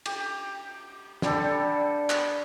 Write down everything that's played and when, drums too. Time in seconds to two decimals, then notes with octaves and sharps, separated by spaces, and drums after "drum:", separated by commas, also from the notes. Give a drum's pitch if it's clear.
0.06 G4, drum: cymbal
1.22 D3 G3 G4 A4, drum: snare
2.10 drum: clap